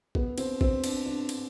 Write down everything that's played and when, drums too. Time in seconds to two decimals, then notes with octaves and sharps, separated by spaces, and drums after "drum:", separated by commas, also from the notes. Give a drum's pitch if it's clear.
0.15 B3, drum: kick A#1
0.38 C4, drum: cymbal
0.61 C4, drum: kick A#1
0.84 D4, drum: cymbal
1.06 D4
1.29 drum: cymbal